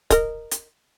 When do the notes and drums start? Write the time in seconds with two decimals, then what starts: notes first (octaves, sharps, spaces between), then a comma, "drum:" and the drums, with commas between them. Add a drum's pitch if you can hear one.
0.10 A#4 D#5, drum: kick C#1, hi-hat
0.51 drum: hi-hat